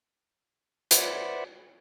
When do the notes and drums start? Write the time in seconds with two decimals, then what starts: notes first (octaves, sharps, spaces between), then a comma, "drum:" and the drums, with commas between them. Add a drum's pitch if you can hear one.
0.91 B4 C5 D5 E5 F#5, drum: hi-hat